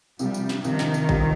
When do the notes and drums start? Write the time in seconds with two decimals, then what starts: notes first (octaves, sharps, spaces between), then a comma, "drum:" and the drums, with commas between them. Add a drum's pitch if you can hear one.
0.19 C2 C3 F3 G3, drum: tambourine
0.34 drum: tambourine
0.49 drum: snare
0.64 C2 C3 D#3 F3, drum: tambourine
0.79 drum: snare
0.94 drum: tambourine
1.09 C3 F3 C4 G4, drum: kick A#1